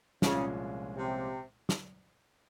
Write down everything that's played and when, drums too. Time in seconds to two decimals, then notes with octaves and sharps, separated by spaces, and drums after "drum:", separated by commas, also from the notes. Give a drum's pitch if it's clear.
0.22 C2 A#2 C#3 F3 G#3 C#4, drum: snare
0.95 C3
1.69 drum: snare